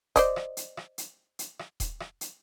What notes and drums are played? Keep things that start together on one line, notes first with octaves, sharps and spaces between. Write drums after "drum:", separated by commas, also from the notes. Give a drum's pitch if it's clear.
C5 D5 D#5, drum: kick D#1, hi-hat
drum: rim click
drum: hi-hat
drum: rim click
drum: hi-hat
drum: hi-hat
drum: rim click
drum: kick D#1, hi-hat
drum: rim click
drum: hi-hat